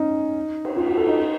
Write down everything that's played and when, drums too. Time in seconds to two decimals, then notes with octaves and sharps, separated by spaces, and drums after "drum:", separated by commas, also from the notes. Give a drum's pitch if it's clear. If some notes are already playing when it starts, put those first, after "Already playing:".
Already playing: C#4 D#4
0.65 drum: cymbal
0.77 F4
0.87 F#4
0.98 A4
1.07 D#4